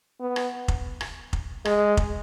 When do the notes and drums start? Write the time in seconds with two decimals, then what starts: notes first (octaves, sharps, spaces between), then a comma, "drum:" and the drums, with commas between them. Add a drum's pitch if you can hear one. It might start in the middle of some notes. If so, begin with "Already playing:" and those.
0.20 B3
0.36 drum: rim click
0.68 drum: kick F1
1.01 drum: rim click
1.33 drum: kick F1
1.65 G#3, drum: rim click
1.97 drum: kick F1